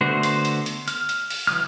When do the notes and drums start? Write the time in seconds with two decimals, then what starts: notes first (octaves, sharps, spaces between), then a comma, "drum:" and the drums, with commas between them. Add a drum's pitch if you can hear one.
0.01 D3 A3 B3 F#4 C5
0.23 drum: hi-hat
0.45 drum: hi-hat
0.66 drum: hi-hat
0.88 F6, drum: hi-hat
1.09 drum: hi-hat
1.30 drum: open hi-hat
1.47 E3 F#3 D#6 F6